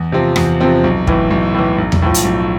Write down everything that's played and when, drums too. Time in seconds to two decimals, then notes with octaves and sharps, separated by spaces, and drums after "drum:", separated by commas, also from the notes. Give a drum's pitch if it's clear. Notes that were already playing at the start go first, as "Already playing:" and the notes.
Already playing: E2
0.12 C3 F3 C4
0.36 E2, drum: rim click
0.61 C3 F3 C4
0.84 B1
1.07 A2 E3, drum: kick
1.30 B1
1.54 A2 E3
1.78 B1
1.92 drum: tom E2
2.02 A2 F3
2.14 drum: hi-hat
2.25 B1